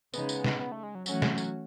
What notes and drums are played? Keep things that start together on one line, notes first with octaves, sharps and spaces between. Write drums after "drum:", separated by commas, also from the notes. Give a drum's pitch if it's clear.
C#3 G#3 B3 D#4, drum: tambourine
drum: tambourine
drum: snare
B3
A3
G#3
F#3
E3 F#3 A3 C#4 F#4, drum: tambourine
drum: snare
drum: tambourine